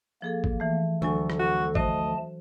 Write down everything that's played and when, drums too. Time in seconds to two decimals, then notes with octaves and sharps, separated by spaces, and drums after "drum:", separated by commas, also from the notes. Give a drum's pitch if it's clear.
0.22 F3 A#3 G#4 A4
0.44 drum: kick
0.60 E3 A3
1.02 D2 F#3 A4 G#5 C#6
1.30 drum: rim click
1.40 F#4
1.75 F3 A3 F#4 C5 D#5 A5, drum: kick